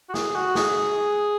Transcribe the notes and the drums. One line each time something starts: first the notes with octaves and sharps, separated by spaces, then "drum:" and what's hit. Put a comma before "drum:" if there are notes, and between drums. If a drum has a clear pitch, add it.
F#4
G#4, drum: snare
F#4
G#4, drum: snare